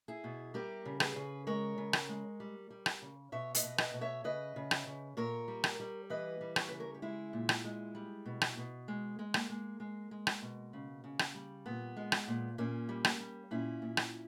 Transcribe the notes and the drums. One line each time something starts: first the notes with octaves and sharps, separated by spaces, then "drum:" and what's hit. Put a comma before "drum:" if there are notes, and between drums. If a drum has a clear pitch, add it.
E4 G#4
B2
G3 G4 A#4
C#3
G#4 B4, drum: rim click
C#3
G#3 A#4 C#5
C#3
drum: rim click
G#3
G3
G3
drum: rim click
C#3
B2 C#5 E5
B4 D#5, drum: hi-hat
B2
B4 D#5, drum: rim click
B2
C#5 E5
C#3 B4 D#5
C#3
drum: rim click
C#3
A#2 A#4 C#5
G3
drum: rim click
G3
E3 B4 D#5
G3
C#5, drum: rim click
C#3 B4
A#4 C#5
G4
G#3 E4 G#4
A#2
drum: rim click
G#3
G3
B2
drum: rim click
B2
G#3
G#3
A#3, drum: rim click
G#3
G#3
G#3
drum: rim click
B2
C#3
C#3
drum: rim click
G3
A#2 B3
G#3
drum: rim click
A#2
A#2 A#3 C#4
G3
drum: rim click
G3
A#2 C#4 E4
A#2
drum: rim click